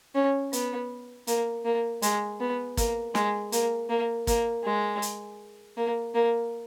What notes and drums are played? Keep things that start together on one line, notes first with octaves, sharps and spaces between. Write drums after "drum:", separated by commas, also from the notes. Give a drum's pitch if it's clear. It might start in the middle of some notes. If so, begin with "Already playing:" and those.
C#4
B3, drum: hi-hat
A#3, drum: hi-hat
A#3
G#3, drum: hi-hat
B3
A#3, drum: kick, hi-hat
G#3, drum: snare
A#3, drum: hi-hat
A#3
A#3, drum: kick, hi-hat
G#3
drum: hi-hat
A#3
A#3